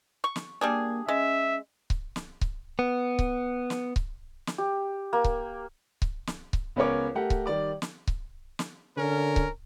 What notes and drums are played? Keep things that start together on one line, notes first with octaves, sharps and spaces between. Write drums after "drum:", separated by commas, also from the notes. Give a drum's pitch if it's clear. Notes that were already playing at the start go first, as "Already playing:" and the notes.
C#6
drum: snare
G3 A#3 D4 G#4
G#3 C#4 E5
drum: kick C#1
drum: snare
drum: kick C#1
B3
drum: kick C#1
drum: snare
drum: kick C#1
drum: snare
G4
A#3
drum: kick C#1
drum: kick C#1
drum: snare
drum: kick C#1
C#2 B3 C#4 A#4 C#5 D6
A3 G4 A#4 F#5
drum: kick C#1
D#3 G3 D5 D6
drum: snare
drum: kick C#1
drum: snare
D3 C#4 A#4
drum: kick C#1